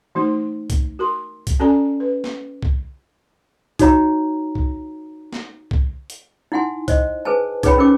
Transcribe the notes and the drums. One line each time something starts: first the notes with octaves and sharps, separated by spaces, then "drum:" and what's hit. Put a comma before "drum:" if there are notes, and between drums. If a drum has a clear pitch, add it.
E3 A3 D#4 F#4 C5
drum: kick, hi-hat
F#4 A#4 C6
drum: kick, hi-hat
C#4 F#4 A4 D5 G#5 A#5
B4
drum: snare
drum: kick
D#4 F#4 C#5 A#5, drum: kick, hi-hat
drum: kick
drum: snare
drum: kick
drum: hi-hat
D#4 E4 F#5 G#5 C6
C5 D#5, drum: kick, hi-hat
G#4 B4 C5 G#5 A5
D#4 G#4 B4 C#5 G5 B5, drum: kick, hi-hat
C#4 D#4 A#4 C5 G5 D6